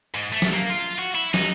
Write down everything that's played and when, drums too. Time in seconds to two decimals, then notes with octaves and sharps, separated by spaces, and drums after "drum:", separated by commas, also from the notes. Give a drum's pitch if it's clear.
0.15 G#2
0.33 A3
0.42 drum: snare
0.54 A#3
0.70 F4
0.99 F#4
1.15 E4
1.34 D#4, drum: snare